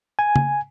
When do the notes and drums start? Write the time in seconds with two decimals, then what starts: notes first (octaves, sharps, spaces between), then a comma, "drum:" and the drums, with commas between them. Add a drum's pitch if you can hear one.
0.19 G#5
0.36 drum: tom C#3